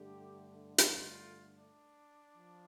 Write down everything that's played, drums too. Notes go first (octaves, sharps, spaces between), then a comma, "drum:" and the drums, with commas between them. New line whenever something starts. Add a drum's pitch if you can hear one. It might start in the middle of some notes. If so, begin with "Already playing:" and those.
Already playing: G2 D3 A3 G4
F4, drum: hi-hat
D4
F3